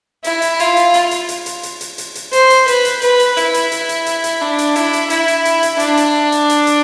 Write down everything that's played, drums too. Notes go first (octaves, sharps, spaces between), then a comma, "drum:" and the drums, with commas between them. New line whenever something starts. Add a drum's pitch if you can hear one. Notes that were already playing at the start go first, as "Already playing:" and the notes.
E4, drum: hi-hat
drum: hi-hat
F4, drum: hi-hat
drum: hi-hat
drum: hi-hat
drum: hi-hat
drum: hi-hat
drum: hi-hat
drum: hi-hat
drum: hi-hat
drum: hi-hat
drum: hi-hat
C5, drum: hi-hat
drum: hi-hat
B4, drum: hi-hat
drum: hi-hat
B4, drum: hi-hat
drum: hi-hat
E4, drum: hi-hat
drum: hi-hat
drum: hi-hat
drum: hi-hat
drum: hi-hat
drum: hi-hat
D4
drum: hi-hat
E4, drum: hi-hat
drum: hi-hat
E4, drum: hi-hat
drum: hi-hat
drum: hi-hat
drum: hi-hat
D4, drum: hi-hat
drum: hi-hat
drum: hi-hat
drum: hi-hat
drum: hi-hat